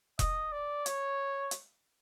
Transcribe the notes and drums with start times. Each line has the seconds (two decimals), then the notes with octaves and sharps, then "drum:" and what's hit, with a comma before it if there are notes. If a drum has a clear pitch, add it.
0.19 D#5, drum: kick E1, hi-hat
0.52 D5
0.86 C#5, drum: hi-hat
1.51 drum: hi-hat